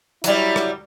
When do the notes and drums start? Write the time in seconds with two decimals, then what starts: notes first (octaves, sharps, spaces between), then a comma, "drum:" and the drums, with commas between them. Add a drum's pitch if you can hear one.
0.24 F#3 G3 E4, drum: hi-hat
0.56 drum: rim click